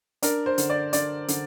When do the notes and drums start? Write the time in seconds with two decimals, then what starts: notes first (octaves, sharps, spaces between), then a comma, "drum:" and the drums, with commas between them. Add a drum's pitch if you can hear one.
0.22 D4 A#4, drum: hi-hat
0.46 C5
0.58 D3, drum: hi-hat
0.70 D5
0.93 D3 D5, drum: hi-hat
1.28 D3, drum: hi-hat